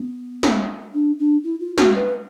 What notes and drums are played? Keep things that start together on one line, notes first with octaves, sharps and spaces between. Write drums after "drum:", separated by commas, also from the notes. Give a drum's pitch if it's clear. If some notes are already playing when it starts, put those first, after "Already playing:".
Already playing: B3
drum: snare
D4
D4
E4
F4
F#4, drum: snare
B4